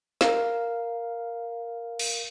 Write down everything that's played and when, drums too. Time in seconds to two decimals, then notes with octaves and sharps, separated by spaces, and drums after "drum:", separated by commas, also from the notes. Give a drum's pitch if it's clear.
0.21 A#4 F5, drum: snare
1.99 drum: cymbal